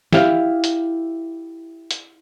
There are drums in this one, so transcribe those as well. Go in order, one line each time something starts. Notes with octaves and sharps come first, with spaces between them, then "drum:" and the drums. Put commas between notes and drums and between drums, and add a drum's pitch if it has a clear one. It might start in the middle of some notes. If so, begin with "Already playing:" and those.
E4 G4 F5, drum: snare
drum: hi-hat
drum: hi-hat